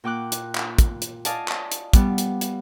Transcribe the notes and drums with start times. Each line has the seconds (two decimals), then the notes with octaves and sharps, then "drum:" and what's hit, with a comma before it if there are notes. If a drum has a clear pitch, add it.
0.04 A#2 G5 D6 F#6
0.32 drum: hi-hat
0.55 drum: clap
0.79 drum: kick, hi-hat
1.02 drum: hi-hat
1.25 D5 D#5 F5 G#5 A5, drum: hi-hat
1.48 drum: clap
1.72 drum: hi-hat
1.93 G3 B3, drum: kick, hi-hat
2.18 drum: hi-hat
2.41 drum: hi-hat